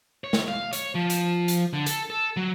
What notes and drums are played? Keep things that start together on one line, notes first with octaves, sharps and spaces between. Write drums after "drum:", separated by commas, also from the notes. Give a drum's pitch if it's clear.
C#5
drum: snare
F5
C#5, drum: hi-hat
F3
drum: hi-hat
drum: hi-hat
D3
A4, drum: hi-hat
A4
F#3